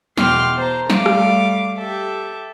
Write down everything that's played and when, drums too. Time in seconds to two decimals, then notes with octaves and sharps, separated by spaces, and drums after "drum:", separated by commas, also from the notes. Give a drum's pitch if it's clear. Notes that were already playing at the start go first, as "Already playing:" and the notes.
0.18 E2 B2 G5 C6 D6 F6, drum: snare
0.56 C5 A5 A#5
0.90 G3 A3 F5 D6, drum: snare
1.06 drum: rim click
1.77 G4 A4 E5